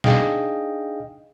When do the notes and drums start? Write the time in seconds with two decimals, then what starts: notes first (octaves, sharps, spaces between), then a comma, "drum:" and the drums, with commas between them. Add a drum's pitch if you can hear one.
0.04 D4 D#4 G#4 D#5 F5 G5, drum: snare